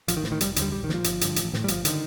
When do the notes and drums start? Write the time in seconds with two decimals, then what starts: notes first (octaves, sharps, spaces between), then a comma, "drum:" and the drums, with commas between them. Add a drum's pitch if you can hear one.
0.08 A1 F3, drum: hi-hat
0.17 D#3
0.24 A2, drum: snare
0.32 D#3
0.41 F1 G3, drum: hi-hat
0.56 D#2 D3, drum: hi-hat
0.62 G3
0.72 A#1 G3
0.84 D#3
0.89 A#2 F3, drum: snare
1.04 G1, drum: hi-hat
1.21 G2 D3, drum: hi-hat
1.36 A1, drum: hi-hat
1.53 A2, drum: snare
1.64 G3
1.68 G1 F3, drum: hi-hat
1.85 D3 D#3, drum: hi-hat